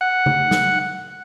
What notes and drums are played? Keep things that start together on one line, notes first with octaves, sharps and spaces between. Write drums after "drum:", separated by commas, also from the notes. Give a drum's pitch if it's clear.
F#5
drum: tom C#3
drum: snare